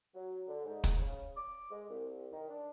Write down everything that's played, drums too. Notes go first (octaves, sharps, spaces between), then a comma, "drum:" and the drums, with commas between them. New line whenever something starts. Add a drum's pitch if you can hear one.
F#3
D3
G#2
drum: kick, hi-hat
C#3
D6
G#3
C2
D#3
D4